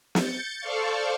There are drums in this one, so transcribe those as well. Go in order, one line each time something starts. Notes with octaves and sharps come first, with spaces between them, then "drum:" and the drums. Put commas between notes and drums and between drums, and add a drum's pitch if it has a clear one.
G6 A6 C#7, drum: snare
A4 C5 D5 F5 C#6